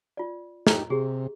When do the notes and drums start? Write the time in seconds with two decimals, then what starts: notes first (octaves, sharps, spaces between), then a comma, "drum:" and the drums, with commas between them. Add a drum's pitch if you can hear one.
0.17 F4 D5
0.67 D#4 G4 D#5 A#5, drum: snare
0.90 C3 G4 G#4